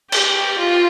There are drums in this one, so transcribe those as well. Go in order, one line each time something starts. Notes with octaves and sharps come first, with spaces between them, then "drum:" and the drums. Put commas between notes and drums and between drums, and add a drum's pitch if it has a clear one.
G4, drum: cymbal
F4